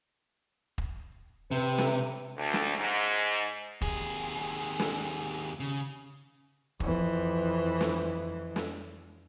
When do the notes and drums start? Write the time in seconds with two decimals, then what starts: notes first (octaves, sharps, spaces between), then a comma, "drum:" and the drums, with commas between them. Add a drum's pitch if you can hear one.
0.78 drum: kick
1.51 C3 B4
1.78 drum: snare
2.37 D2
2.54 drum: snare
2.78 G#2
3.81 D#2 G#4, drum: kick
4.79 drum: snare
5.60 C#3
6.80 F2 E3, drum: kick
7.81 drum: snare
8.56 drum: snare